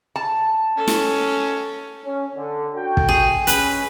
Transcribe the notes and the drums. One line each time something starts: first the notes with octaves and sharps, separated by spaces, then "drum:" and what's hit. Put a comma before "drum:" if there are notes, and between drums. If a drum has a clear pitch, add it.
A5
C#4 A4
drum: snare
C#4
D3
F#4 A4 G5
drum: kick
G#4
G#3 C#4 B4, drum: hi-hat